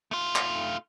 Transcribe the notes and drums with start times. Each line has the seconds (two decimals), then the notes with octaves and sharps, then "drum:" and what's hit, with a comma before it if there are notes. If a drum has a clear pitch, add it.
0.11 A3 F4
0.36 drum: clap